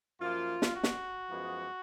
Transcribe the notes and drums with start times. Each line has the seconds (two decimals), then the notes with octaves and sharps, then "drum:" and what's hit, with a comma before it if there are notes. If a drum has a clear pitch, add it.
0.20 F#2 F3 A#3 F4
0.62 drum: snare
0.74 F#4
0.83 drum: snare
1.28 F#2 F3 G#3 B3